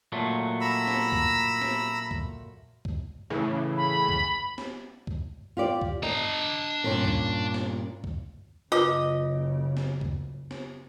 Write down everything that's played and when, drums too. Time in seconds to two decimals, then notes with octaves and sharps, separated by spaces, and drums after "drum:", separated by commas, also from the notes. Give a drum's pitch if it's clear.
0.12 A#2 F#3 A3
0.61 A#5 B5 E6
0.87 drum: snare
1.12 drum: kick D2
1.62 drum: snare
2.11 drum: kick D2
2.85 drum: kick D2
3.30 A2 C#3 E3
3.77 B5
4.09 drum: kick D2
4.58 drum: snare
5.07 drum: kick D2
5.57 F4 G4 D5
5.81 drum: kick D2
6.03 D4 D#5 A#5
6.84 G2 A#2 C#4
7.05 drum: kick D2
7.54 drum: snare
8.04 drum: kick D2
8.72 F#1 C#3 F4 B4 D#5 D6
9.77 drum: snare
10.01 drum: kick D2
10.51 drum: snare